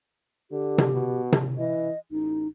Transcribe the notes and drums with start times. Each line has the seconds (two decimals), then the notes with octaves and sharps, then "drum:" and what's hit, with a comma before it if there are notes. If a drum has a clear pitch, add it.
0.51 D3 G4
0.78 drum: tom C3
0.93 B2
1.32 drum: tom C3
1.58 E3 D#5
2.11 A1 D#4